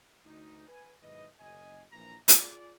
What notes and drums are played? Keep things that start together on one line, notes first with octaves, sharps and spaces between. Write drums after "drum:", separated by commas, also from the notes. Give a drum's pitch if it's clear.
D2 D#4
B4 G#5
B1 G#2 D#3 E4 B4 D#5
F#1 D#5 G#5
A#1 E3 A#5
F4 G#4 D5, drum: hi-hat